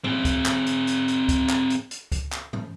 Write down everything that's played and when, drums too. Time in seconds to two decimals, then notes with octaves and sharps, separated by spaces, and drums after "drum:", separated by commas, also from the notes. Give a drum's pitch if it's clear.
0.04 C4 G#4, drum: tom G#2
0.25 drum: kick C#2, hi-hat
0.46 drum: clap
0.66 drum: hi-hat
0.87 drum: hi-hat
1.08 drum: hi-hat
1.29 drum: kick C#2, hi-hat
1.49 drum: clap
1.70 drum: hi-hat
1.91 drum: hi-hat
2.12 drum: kick C#2, hi-hat
2.32 drum: clap
2.53 drum: tom G#2